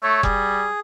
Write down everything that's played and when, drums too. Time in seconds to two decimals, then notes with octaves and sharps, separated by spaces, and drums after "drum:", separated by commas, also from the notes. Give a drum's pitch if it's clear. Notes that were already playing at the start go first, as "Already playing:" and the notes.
0.03 A3 C#5
0.23 G3 G#4, drum: kick F1